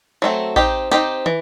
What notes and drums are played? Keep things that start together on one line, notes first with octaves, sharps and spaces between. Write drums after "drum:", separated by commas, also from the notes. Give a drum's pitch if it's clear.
F#3 A3 C4
C4 D#4 G4, drum: kick A1
C4 D#4 G4, drum: snare
E3, drum: tom